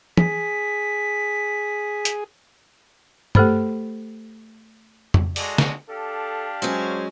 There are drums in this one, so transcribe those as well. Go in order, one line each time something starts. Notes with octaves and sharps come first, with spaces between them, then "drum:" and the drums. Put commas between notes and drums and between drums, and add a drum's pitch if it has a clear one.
G#4 B6, drum: tom
drum: hi-hat
A3 G4 A4 C5 B5, drum: tom
drum: tom F2
G#3 F#4 A4 D5, drum: open hi-hat
drum: snare
D4 G4 A4 F5
F#3 G#3 C#4 C5